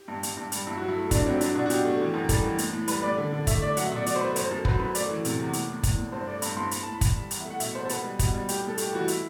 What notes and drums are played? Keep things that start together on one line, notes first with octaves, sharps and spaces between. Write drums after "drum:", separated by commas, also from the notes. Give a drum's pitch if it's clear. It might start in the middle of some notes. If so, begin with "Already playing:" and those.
Already playing: G4
G2
G2, drum: hi-hat
G2
G3, drum: hi-hat
G2 E4
F#3 F#4
E4
A3
G2 D4, drum: kick, hi-hat
F#3 C4
E4
F#3 D4, drum: hi-hat
B2 D4
F#4
B2 G4, drum: hi-hat
A3
E3
F#2
G3 A4, drum: kick, hi-hat
E3
A2, drum: hi-hat
A2
G3 B4, drum: hi-hat
A2 D5
D3
D3
A3 E5, drum: kick, hi-hat
A3 D5
F#3 F#5, drum: hi-hat
E5
B2 D5
F#3 D5, drum: hi-hat
C5
A3 B4
F#2 C5, drum: hi-hat
F#2 A4
F#3 B4, drum: kick
F#2 B4
A3 D5, drum: hi-hat
E3
C3, drum: hi-hat
E2
A2, drum: hi-hat
A2
A2, drum: kick, hi-hat
A2
G2 C5
A3 D5
G2 B5, drum: hi-hat
B5
G2 C6
A2 B5, drum: hi-hat
A2 A5
B5
A2, drum: kick, hi-hat
G3
E2, drum: hi-hat
A3 E5
F#5
B2 E5, drum: hi-hat
E2 C5
A4
B2 B4, drum: hi-hat
G3
B2, drum: kick, hi-hat
G3
A2 G4, drum: hi-hat
A2
A4
A3 G4, drum: hi-hat
E3 F#4
E4, drum: hi-hat